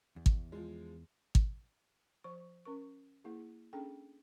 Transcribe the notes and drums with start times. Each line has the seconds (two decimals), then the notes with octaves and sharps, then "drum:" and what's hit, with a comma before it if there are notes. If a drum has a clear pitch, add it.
0.16 E2
0.26 drum: kick
0.52 F3 G#3
1.35 drum: kick
2.24 F3 C5 C#6
2.65 C#4 A#4 C#6
3.24 A#3 E4 G#4
3.73 C#4 D4 G#4 A4 G5